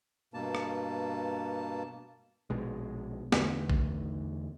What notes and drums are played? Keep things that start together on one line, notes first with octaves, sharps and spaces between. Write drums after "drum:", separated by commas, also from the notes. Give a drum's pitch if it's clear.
G2 B2 A#3 A5
drum: rim click
A#1 B2 G#3
E2 D3 A3 B3, drum: snare
drum: kick A#1